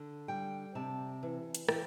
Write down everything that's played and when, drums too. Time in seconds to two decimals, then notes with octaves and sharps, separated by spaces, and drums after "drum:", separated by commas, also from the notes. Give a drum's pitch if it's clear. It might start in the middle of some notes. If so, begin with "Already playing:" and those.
Already playing: D3
0.28 G3 G5
0.75 C3 A5
1.23 E3
1.55 drum: hi-hat
1.69 E3 G5, drum: rim click